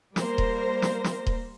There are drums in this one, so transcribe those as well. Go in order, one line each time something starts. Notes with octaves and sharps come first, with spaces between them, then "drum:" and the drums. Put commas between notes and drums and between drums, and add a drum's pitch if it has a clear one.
G3 A#3 A#4 C5 A#6, drum: snare
drum: kick D#1
drum: snare
drum: snare
drum: kick D#1